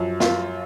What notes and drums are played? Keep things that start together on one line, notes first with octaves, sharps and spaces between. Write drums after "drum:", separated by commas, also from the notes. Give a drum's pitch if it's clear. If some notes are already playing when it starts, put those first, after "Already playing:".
Already playing: F#2 F3
F4, drum: snare